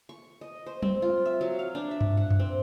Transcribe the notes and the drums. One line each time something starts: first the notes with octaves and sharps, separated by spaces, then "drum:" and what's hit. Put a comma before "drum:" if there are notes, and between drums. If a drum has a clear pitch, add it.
C#6
D#5
C5
C4, drum: tom F#3
F4
E5
F#3
F5
D4
E5
drum: tom G2
F#5
drum: tom F#2
C4